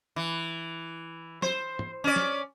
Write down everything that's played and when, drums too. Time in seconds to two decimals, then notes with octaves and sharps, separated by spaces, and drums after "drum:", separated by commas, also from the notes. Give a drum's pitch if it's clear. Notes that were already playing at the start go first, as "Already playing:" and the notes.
0.16 E3
1.42 C5, drum: snare
1.79 drum: tom
2.04 C#4 D5
2.16 drum: snare